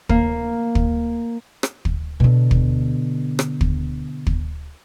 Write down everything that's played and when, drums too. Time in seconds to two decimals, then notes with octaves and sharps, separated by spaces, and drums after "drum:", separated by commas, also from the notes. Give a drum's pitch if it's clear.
0.09 A#3, drum: kick
0.75 drum: kick
1.63 drum: rim click
1.85 drum: kick
2.20 B2 D3
2.51 drum: kick
3.39 drum: rim click
3.61 drum: kick
4.27 drum: kick